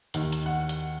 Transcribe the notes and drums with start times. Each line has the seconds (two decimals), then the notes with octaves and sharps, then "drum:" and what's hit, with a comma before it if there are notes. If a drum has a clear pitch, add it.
0.14 D#2 D#3, drum: hi-hat
0.32 drum: hi-hat
0.46 F#5
0.69 drum: hi-hat